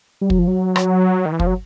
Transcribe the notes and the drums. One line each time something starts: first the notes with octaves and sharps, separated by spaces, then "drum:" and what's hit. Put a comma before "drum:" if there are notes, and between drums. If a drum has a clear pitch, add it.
G3
F#3, drum: kick
F3
F#3
drum: rim click
D#3
E3
F3, drum: kick
F#3